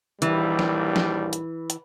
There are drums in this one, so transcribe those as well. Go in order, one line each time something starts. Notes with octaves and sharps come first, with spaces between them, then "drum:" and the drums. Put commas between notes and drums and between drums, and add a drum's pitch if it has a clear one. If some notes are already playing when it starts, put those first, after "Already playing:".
A#1 D#2 E3 G3, drum: hi-hat
drum: snare
drum: snare
drum: hi-hat
drum: hi-hat